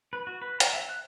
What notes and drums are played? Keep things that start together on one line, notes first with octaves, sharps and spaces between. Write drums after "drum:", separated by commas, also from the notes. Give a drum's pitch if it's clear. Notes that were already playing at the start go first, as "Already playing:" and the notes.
B4
F#4
B4
A#5, drum: hi-hat
E5
F#6